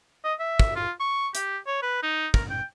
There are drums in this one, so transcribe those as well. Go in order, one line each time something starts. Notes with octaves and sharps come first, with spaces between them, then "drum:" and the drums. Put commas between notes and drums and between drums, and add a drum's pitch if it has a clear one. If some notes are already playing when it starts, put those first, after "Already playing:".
D#5
E5
drum: kick
F4
C#6
G4, drum: hi-hat
C#5
B4
D#4
A#4, drum: kick
G5